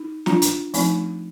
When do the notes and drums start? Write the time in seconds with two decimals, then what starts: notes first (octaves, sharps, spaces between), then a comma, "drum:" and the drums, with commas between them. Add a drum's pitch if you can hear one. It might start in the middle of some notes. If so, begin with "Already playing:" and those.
Already playing: D#4
0.26 D4 F4, drum: snare
0.42 drum: hi-hat
0.74 F3 A3 C4 D#4, drum: open hi-hat